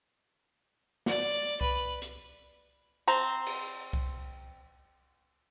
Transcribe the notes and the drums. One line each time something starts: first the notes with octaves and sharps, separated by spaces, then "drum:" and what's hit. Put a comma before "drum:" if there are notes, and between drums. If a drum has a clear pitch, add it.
D5, drum: snare
B4, drum: kick C2
drum: hi-hat
C4 A#5
drum: cymbal
drum: kick C2